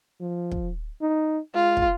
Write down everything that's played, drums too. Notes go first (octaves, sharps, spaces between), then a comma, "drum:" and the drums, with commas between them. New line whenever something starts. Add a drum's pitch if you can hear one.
F3
drum: kick
D#4
G#3 F4
drum: kick